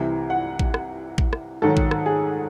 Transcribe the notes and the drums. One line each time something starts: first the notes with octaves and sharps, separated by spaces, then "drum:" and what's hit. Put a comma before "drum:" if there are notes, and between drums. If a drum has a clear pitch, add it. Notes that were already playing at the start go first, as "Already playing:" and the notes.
Already playing: C2 C3 E3
F#5
drum: kick A1
drum: rim click
drum: kick A1
drum: rim click
G#2 D#3 F#3 A4
drum: kick A1
drum: rim click
G#4